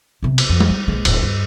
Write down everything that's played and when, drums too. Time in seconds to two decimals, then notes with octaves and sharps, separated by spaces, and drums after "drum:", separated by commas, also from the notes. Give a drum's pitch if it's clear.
0.23 B1 C3
0.38 drum: cymbal
0.49 F2
0.60 drum: tom
0.70 G3
0.88 A#1 G#3
1.05 D1 A1, drum: cymbal
1.23 G2